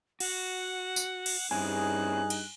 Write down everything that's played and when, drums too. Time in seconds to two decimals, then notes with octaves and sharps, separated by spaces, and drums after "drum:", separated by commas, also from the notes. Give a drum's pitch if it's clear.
0.20 F#4 F#5, drum: cymbal
0.96 drum: tambourine
1.26 drum: cymbal
1.51 G2 C4 C#4 D#4 E4 G#4 G#5 F#6
2.30 drum: cymbal